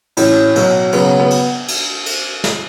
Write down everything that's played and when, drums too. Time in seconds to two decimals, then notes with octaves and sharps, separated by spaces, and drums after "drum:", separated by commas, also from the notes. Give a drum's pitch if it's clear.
0.17 A2 E3 C#4, drum: cymbal
0.56 B2 F#3, drum: cymbal
0.92 C#3 F#3 B3, drum: cymbal
1.20 B3
1.30 drum: cymbal
1.68 drum: cymbal
2.06 drum: cymbal
2.44 drum: snare